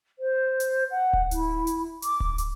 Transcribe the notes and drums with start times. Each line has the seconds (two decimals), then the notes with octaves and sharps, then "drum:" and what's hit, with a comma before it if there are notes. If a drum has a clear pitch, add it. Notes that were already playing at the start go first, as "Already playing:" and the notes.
0.18 C5
0.60 drum: hi-hat
0.90 F#5
1.13 drum: kick D1
1.31 E4, drum: hi-hat
1.67 drum: hi-hat
2.02 D6, drum: hi-hat
2.20 drum: kick D1
2.38 drum: hi-hat